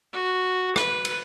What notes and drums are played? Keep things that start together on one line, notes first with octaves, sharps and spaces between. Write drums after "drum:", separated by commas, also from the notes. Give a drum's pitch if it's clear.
F#4
B4, drum: rim click
drum: cymbal